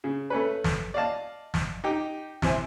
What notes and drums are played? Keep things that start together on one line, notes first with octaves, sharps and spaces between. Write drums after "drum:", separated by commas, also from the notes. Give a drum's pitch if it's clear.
C#3
A3 C#4 B4
drum: snare
D5 D#5 F5 A5
drum: snare
D#4 G4
C3 E4 C5 G#5, drum: snare